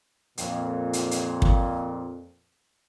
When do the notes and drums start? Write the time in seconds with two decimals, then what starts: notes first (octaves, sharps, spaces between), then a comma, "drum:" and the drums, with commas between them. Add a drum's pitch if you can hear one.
0.38 F2 A#2, drum: hi-hat
0.93 drum: hi-hat
1.11 drum: hi-hat
1.42 drum: kick